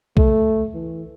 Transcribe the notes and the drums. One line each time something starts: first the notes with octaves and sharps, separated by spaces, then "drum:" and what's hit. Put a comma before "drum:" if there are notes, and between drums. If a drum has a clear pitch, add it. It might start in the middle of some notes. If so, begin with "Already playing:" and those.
A3, drum: kick
E3